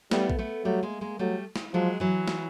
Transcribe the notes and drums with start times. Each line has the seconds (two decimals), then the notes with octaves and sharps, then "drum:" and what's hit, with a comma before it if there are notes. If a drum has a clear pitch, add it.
0.11 G3 A3 B3, drum: snare
0.30 drum: kick A#1
0.39 A3 B3
0.65 F#3 G3 A3
0.83 G#3 A#3
1.01 G#3 A#3
1.19 F#3 G3 A3
1.56 drum: snare
1.73 F3 F#3 G#3
2.00 E3 F#3
2.28 drum: snare